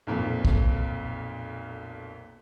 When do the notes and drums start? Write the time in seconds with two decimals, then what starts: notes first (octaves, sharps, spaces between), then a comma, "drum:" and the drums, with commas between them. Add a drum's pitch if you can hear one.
0.07 B1 F2 A#2
0.45 drum: kick